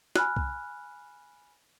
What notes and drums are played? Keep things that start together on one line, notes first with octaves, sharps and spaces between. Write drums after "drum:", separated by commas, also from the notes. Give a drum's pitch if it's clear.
G#5 B5 F6 F#6, drum: snare
drum: kick C2